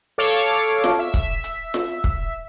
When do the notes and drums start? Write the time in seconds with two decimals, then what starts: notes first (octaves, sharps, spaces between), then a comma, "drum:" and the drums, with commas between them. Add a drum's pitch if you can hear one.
0.18 A4 C#5 F5 D6
0.54 drum: hi-hat
0.84 drum: snare F4
0.99 E5
1.14 drum: kick, hi-hat
1.44 drum: hi-hat
1.74 drum: snare F4
2.04 drum: kick